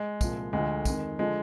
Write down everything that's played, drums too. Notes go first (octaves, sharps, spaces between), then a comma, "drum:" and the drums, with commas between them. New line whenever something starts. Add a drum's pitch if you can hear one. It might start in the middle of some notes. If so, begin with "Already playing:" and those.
Already playing: G#3
C2 A#2 F3, drum: kick, tambourine
D2 D3 F3 G#3
F2 D#3, drum: kick, tambourine
D3 F3 G#3